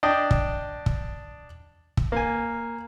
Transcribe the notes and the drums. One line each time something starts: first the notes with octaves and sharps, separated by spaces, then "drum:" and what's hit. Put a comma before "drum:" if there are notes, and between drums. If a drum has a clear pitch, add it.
D4 D#5 G5
drum: kick
drum: kick
drum: kick
A#3 G#5